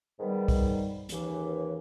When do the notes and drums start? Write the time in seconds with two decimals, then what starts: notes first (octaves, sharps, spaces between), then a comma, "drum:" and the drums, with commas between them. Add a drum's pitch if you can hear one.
0.19 G#2 D#3 G3 B3
0.48 drum: kick C2, open hi-hat
1.09 D#2 C#3 E3, drum: hi-hat